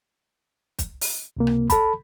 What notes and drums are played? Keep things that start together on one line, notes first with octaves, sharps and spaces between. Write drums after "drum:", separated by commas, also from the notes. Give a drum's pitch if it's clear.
drum: kick, hi-hat
drum: open hi-hat
C#2 C3 A#3
drum: rim click
A4 A5 B5, drum: kick, hi-hat